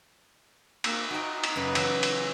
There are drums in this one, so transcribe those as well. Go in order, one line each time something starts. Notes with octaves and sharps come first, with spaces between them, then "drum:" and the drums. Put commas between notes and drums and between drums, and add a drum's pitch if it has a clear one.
A#3, drum: cymbal
D#4 F#4 G5
drum: cymbal
F#2 C#3 B4
E3 F#3, drum: cymbal
drum: cymbal